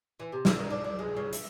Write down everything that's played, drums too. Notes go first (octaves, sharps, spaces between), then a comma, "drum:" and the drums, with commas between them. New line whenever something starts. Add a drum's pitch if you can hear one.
E3
C3
E4, drum: snare
D#3
D4
D4
G#3
C#3
E5, drum: hi-hat